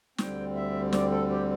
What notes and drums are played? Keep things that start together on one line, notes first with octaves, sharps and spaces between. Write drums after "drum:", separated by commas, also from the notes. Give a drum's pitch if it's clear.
D2 D3 G3 C4 G5, drum: snare
E5
D5, drum: snare
A4
G4